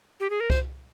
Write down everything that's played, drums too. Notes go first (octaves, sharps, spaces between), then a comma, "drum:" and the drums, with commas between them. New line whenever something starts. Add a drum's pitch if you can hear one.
G4
G#4
A#4
C5, drum: kick C2